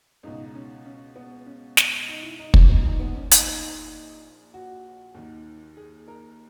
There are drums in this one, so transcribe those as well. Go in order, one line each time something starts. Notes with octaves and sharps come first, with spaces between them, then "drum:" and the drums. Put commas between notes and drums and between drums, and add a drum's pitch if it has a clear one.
C#2 B2 D#4
D#4
C#4
C#4
B3
C#4
drum: snare
D#4
E4
D#4
C#4, drum: kick
A#1 A#2 D#4
D#4
B3
C#4
D#4, drum: hi-hat
F#4
D#2 D#3
G#4
A#4